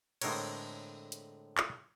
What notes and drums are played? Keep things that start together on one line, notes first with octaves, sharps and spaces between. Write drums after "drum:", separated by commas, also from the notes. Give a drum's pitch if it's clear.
A2 D3 G#3 C4 A#4 C#5, drum: cymbal
drum: hi-hat
drum: clap